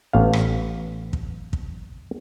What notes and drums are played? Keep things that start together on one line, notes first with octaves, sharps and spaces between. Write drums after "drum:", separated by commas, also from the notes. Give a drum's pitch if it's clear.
A1 B3 F5
drum: rim click
drum: kick
drum: kick